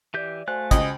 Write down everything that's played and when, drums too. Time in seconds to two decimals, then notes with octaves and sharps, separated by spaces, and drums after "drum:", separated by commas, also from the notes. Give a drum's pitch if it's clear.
0.14 E3 G4 D5 E5 G6
0.47 A3 F#4 C5 F5 G#5 F#6
0.71 C#2 D#5, drum: kick, hi-hat